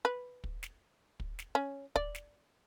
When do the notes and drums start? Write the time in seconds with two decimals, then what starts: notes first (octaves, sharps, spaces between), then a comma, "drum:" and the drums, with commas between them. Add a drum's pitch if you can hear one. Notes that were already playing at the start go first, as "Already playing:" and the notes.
0.05 B4
0.44 drum: kick
0.63 drum: snare
1.20 drum: kick
1.39 drum: snare
1.55 C#4
1.96 D5, drum: kick
2.15 drum: snare